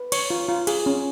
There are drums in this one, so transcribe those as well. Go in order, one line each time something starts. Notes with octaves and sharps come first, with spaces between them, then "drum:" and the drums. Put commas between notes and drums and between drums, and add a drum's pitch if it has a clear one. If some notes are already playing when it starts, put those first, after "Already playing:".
Already playing: B4
C#5 C#6, drum: cymbal
F4
F4
G#4, drum: cymbal
C#4